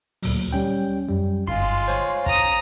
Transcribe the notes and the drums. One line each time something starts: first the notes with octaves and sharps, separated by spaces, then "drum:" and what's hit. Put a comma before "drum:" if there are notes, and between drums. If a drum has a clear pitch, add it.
D2 A#2 F#3, drum: open hi-hat
G3 C#4 G5
F#2 G3
G1 G#3 F4 C6
C5 C#5 G#5
A#5 D#6, drum: kick